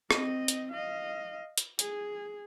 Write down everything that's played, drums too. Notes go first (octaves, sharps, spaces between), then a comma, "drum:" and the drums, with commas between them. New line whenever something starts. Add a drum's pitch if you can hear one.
C4 D#5, drum: rim click
drum: hi-hat
D#5 F5
drum: hi-hat
G#4, drum: hi-hat